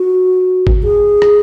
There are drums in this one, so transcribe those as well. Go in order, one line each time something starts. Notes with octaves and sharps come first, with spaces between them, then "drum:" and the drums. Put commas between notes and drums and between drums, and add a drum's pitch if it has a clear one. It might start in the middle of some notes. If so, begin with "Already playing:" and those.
Already playing: F#4
drum: kick G#1
G#4
drum: rim click